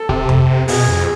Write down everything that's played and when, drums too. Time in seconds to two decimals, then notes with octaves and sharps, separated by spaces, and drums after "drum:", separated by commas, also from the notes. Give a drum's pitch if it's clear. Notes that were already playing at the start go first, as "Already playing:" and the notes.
Already playing: A4
0.09 C3, drum: kick
0.29 drum: tom F2
0.68 B2 G#4, drum: open hi-hat
0.88 F2